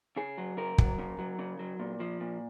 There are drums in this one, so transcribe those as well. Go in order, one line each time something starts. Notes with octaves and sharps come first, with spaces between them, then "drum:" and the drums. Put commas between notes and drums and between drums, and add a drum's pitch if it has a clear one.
C#3 G#4
F#3
C#3 A#4
F#3, drum: kick
C#3
F#3
C#3
F#3
A#2
F3
A#2